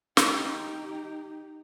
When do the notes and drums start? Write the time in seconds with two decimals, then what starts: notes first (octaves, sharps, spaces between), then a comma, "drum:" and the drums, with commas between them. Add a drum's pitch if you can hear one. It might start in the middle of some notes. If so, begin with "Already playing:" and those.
0.17 D#4 G4, drum: snare